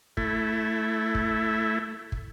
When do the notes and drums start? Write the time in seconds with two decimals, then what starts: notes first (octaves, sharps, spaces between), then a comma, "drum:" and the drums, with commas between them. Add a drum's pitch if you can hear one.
0.17 A3 E4, drum: kick
1.15 drum: kick
2.12 drum: kick